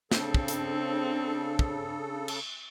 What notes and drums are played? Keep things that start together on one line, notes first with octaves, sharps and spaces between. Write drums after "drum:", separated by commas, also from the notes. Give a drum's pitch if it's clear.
C#3 C4 D4 A4, drum: snare
drum: kick
drum: hi-hat
drum: kick
drum: cymbal